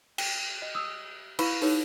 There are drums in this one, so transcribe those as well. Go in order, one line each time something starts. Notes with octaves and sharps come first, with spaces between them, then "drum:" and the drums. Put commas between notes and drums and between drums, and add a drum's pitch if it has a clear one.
G5, drum: cymbal
D#5
D#6 E6
E4 B4 F5 B5 C#6, drum: cymbal
D#4 G4 A4 B4 C#5, drum: open hi-hat